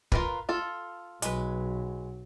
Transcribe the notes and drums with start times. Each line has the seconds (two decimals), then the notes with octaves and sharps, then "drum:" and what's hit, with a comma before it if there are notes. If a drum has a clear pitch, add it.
0.12 F4 A#4 B4, drum: kick
0.49 F4 A4
1.22 B1 F#3 G#3 B4, drum: hi-hat